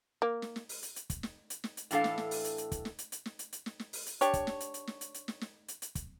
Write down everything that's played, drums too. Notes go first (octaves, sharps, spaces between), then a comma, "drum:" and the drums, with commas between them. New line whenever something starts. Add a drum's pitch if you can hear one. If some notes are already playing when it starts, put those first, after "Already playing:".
A#3
drum: snare
drum: snare
drum: open hi-hat
drum: hi-hat
drum: hi-hat
drum: kick, hi-hat
drum: snare
drum: hi-hat
drum: snare
drum: hi-hat
A2 E3 D4 A4 F5, drum: hi-hat
drum: snare
drum: snare
drum: open hi-hat
drum: hi-hat
drum: hi-hat
drum: kick, hi-hat
drum: snare
drum: hi-hat
drum: hi-hat
drum: snare
drum: hi-hat
drum: hi-hat
drum: snare
drum: snare
drum: open hi-hat
drum: hi-hat
D4 G4 C#5, drum: hi-hat
drum: kick, hi-hat
drum: snare
drum: hi-hat
drum: hi-hat
drum: snare
drum: hi-hat
drum: hi-hat
drum: snare
drum: snare
drum: hi-hat
drum: hi-hat
drum: kick, hi-hat